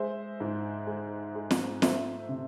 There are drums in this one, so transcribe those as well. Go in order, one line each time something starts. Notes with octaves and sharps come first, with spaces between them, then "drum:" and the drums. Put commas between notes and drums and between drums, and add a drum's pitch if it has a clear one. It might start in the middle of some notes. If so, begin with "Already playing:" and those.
Already playing: G#3 C5 E5
G#2
G#3
G#3
drum: snare
A3 C5 E5, drum: snare
C3